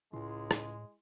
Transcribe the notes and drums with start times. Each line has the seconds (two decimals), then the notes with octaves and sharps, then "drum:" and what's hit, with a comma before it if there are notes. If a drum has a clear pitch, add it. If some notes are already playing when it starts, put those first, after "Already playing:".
0.13 C#2 A2 G#3 E4 C6
0.51 drum: rim click